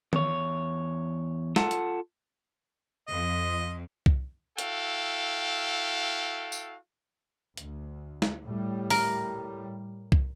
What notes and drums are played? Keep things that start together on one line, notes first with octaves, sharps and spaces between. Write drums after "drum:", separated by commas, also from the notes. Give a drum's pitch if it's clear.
E2 C#5, drum: tom D#3
F4 A4 F#5 A5, drum: snare
drum: hi-hat
F2 D#5
drum: kick C2
E4 F#4 A4 F5 G5, drum: hi-hat
drum: tambourine
D2, drum: hi-hat
drum: snare
A2 G3
A#4, drum: open hi-hat
drum: kick C2